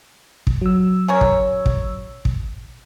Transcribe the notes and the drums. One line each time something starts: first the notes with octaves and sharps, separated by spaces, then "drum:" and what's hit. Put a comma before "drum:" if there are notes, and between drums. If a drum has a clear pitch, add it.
drum: kick
F#3 E6
C#4 A#4 C#5
drum: kick
drum: kick
drum: kick